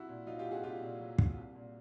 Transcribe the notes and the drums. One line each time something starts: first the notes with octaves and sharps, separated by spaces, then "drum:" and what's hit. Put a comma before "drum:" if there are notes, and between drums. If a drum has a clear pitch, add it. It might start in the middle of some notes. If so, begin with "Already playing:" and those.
Already playing: C2 E4 F#4
A#2
F#3 D#4 F4
F4 G4
C2
F#4 G#4
C2 F4 G4
A#2
F#3
C2, drum: kick
C2
A#2